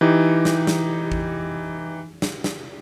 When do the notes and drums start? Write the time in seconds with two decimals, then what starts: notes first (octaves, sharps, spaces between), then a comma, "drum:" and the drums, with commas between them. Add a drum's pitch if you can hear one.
0.01 E3 D#4 G4
0.45 drum: snare
0.67 drum: snare
1.12 drum: kick
2.22 drum: snare
2.44 drum: snare